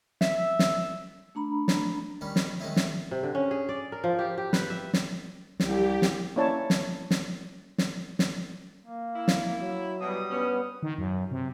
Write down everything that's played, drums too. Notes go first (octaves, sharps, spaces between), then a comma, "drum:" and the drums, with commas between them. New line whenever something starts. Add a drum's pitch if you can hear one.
E5, drum: snare
drum: snare
A3 D4 A#5 B5
drum: snare
D#3 G3 C#4 B5
drum: snare
D#3 G#3 C#4 D#4 E4
drum: snare
C3
D3
C#4
G#4
D5
A#4
F3
G4
G4
B4, drum: snare
E5
drum: snare
C2 G4, drum: snare
drum: snare
A#3 C#4 E4 C#5 D5 A5
drum: snare
drum: snare
drum: snare
drum: snare
A#3
E4
drum: snare
F#3
B2 G3 D#6
G2 B3 C#4
D#3
F#2
C3